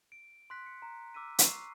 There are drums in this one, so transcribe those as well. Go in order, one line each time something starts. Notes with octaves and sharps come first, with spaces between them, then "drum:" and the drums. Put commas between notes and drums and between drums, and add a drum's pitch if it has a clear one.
D7
C6 F#6 B6
C#7
A#5
D6 E6 F6 B6 D#7
C#6 C7, drum: hi-hat